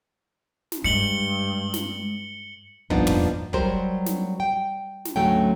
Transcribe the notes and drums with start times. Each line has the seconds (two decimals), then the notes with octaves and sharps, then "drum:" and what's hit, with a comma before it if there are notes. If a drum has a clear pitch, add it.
0.72 drum: snare
0.84 G2 G#3 C#7 F#7 G7
1.74 drum: snare
2.90 G2 A#2 F3 B3 D4 D#4, drum: kick
3.07 drum: tom
3.53 F#3 G3 A#4 C5, drum: kick
4.06 drum: snare
4.40 G5
5.05 drum: snare
5.16 D2 G#2 F#3 A3 C#4 G5